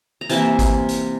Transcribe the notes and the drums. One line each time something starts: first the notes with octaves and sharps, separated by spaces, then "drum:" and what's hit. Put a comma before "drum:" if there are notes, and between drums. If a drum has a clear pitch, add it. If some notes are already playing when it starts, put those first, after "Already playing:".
A#5
C3 E3 A#3 A5, drum: hi-hat
drum: kick G#1, hi-hat
drum: hi-hat